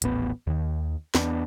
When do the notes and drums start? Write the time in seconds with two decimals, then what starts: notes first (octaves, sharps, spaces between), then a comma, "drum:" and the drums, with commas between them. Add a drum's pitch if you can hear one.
0.02 D#1 A1 B3, drum: hi-hat
0.47 D#2 D#3
1.15 E2 B3 D4, drum: snare